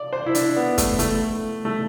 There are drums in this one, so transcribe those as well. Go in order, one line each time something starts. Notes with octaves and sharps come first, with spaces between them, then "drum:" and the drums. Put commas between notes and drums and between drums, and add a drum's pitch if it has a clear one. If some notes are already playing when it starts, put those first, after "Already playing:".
Already playing: D5
C5
E4
D4, drum: hi-hat
B3
A3, drum: kick, hi-hat
A3, drum: hi-hat
A3